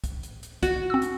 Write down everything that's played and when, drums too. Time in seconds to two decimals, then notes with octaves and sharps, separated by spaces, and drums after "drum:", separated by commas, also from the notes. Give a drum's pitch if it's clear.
0.04 drum: kick, hi-hat
0.23 drum: hi-hat
0.43 drum: hi-hat
0.63 F#4, drum: kick, hi-hat
0.90 C4 E6
1.02 drum: hi-hat